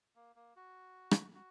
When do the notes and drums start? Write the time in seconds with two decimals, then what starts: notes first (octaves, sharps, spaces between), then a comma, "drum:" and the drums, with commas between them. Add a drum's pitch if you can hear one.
0.16 A#3
0.36 A#3
0.56 F#4
1.11 drum: rim click
1.35 F#4